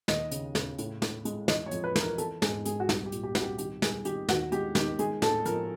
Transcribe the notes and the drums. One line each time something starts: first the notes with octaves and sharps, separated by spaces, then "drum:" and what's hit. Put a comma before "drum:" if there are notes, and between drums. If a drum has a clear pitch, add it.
D#2 D#5, drum: snare
C#3, drum: hi-hat
C#3, drum: snare
A2, drum: hi-hat
A2, drum: snare
G#3, drum: hi-hat
E3 D#5, drum: snare
C#5
F2, drum: hi-hat
B4
E3 A#4, drum: snare
E3 A4, drum: hi-hat
G#2 G#4, drum: snare
G#3 G#4, drum: hi-hat
F#4
C2 G4, drum: snare
G4
A#2, drum: hi-hat
G4
C2 F#4, drum: snare
G4
D#3 G4, drum: hi-hat
G3 G#4, drum: snare
D#3 G4, drum: hi-hat
D#2 F#4, drum: snare
G#3 G4, drum: hi-hat
D#3 G4, drum: snare
G#3 G#4, drum: hi-hat
A2 A4, drum: snare
F3 A#4, drum: hi-hat